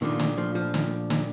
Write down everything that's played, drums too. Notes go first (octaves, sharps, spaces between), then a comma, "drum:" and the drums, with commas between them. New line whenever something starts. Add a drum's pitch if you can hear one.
A#2 D#3 A3 D4 F4
drum: snare
F3
F3
drum: snare
drum: snare